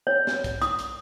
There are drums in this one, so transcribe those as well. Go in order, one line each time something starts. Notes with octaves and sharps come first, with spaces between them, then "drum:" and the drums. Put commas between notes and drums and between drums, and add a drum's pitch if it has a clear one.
C#5
drum: snare
drum: kick, hi-hat
D#6, drum: hi-hat
drum: hi-hat